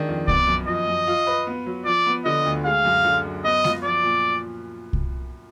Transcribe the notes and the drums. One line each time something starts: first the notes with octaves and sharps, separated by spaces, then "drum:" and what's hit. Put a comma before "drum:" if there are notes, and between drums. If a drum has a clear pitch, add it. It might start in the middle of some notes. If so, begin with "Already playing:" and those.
Already playing: D#3 G#3 D4
F2
B3 D5, drum: kick C2
F#2
F3 D#5
F#2
F4
B4
B3
F#3
F3 D5
B3
D3 D#5
D2
G#3 F5
F#2
D3
F#2
B3 D#5
F4, drum: snare G#3
F3 D5
A#2
drum: kick C2